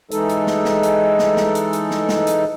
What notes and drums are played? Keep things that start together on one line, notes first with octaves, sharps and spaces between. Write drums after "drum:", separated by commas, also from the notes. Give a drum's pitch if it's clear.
E3 G#3 D#4 A4, drum: hi-hat
drum: hi-hat
drum: snare
drum: snare
drum: hi-hat
drum: snare
drum: snare
drum: hi-hat
drum: hi-hat
drum: snare
drum: snare
drum: hi-hat